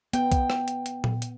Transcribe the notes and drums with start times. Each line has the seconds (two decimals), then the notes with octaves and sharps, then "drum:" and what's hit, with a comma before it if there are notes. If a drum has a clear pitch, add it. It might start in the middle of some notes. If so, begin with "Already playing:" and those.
0.13 B3 G5, drum: hi-hat
0.32 drum: kick B1, hi-hat
0.50 drum: rim click
0.68 drum: hi-hat
0.86 drum: hi-hat
1.04 drum: tom A#2
1.22 drum: hi-hat